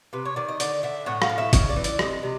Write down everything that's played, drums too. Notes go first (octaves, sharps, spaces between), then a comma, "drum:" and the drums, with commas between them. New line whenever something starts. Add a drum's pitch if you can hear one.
C3 B4
C#5
D#3 D5
D#5
D3 D5, drum: hi-hat
D3 E5
A2 F#5
F5, drum: rim click
A2
E5
C#3 D#5, drum: kick, hi-hat
D5
E3
D5, drum: hi-hat
C3 D#5, drum: rim click
C3